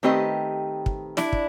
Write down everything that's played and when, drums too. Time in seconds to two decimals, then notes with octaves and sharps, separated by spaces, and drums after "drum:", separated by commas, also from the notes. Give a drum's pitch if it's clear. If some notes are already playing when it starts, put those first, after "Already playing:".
0.03 D#3 A3 C4 G4 B4 D#5
0.86 drum: kick
1.17 D4 E4, drum: snare
1.33 drum: kick